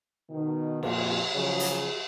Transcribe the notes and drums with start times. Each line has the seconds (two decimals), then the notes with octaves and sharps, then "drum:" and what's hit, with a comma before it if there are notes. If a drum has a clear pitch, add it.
0.30 B2 D#3
0.83 F2 A#2, drum: cymbal
1.34 C#3 F3 F#3 G#4 C#5
1.60 drum: hi-hat